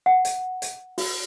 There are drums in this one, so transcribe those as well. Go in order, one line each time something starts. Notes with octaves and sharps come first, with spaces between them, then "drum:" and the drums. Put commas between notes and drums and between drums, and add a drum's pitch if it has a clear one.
F#5
drum: hi-hat
drum: hi-hat
F#4, drum: open hi-hat